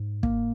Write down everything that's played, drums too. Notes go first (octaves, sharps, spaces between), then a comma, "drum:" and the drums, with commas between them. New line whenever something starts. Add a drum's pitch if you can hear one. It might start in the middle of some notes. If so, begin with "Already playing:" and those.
Already playing: G#2
A#3, drum: kick